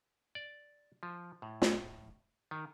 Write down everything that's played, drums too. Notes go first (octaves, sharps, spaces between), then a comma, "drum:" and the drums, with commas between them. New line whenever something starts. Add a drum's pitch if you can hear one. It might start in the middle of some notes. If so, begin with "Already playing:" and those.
D5
F3
A2
drum: snare
D#3